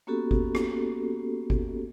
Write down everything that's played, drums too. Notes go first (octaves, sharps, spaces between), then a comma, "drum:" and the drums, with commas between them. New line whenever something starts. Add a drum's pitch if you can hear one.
A#3 B3 C#4 F#4 G4 A4
drum: kick G1
drum: rim click
drum: kick G1